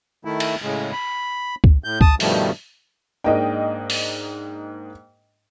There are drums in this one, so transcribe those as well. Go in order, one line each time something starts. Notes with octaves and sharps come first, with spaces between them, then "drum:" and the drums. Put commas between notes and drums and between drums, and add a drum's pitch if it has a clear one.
D#3 A3 E4
drum: cymbal
A2 C#3 G#3
B5
drum: kick C#2
A2 G6
A5 D#6, drum: kick C#2
G2 B2 D#3 F3 G3 A3, drum: open hi-hat
G#2 A#3 D4 D#5 G5
drum: open hi-hat